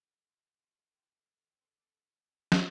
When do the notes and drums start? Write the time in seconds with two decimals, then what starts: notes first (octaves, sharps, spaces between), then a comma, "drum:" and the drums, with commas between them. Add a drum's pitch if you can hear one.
0.09 A4
0.26 F4
0.44 F4
0.60 F4
0.77 A4
0.94 F4 G5
1.10 A3
1.28 A3
1.45 C4
1.61 A4 C6
1.78 A4 D6
2.52 drum: snare